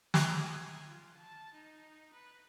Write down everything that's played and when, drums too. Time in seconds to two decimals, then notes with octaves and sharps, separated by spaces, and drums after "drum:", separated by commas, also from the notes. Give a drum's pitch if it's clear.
0.14 G#4, drum: snare
0.46 G#5
0.87 F4
1.17 A5
1.54 D#4
2.13 B4